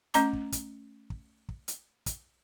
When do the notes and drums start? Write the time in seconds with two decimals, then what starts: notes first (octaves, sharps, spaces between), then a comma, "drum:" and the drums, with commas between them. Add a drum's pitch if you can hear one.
0.14 A3 C#4 D#5 A#5 D6, drum: hi-hat
0.33 drum: kick
0.52 drum: kick, hi-hat
1.10 drum: kick
1.49 drum: kick
1.68 drum: hi-hat
2.06 drum: kick, hi-hat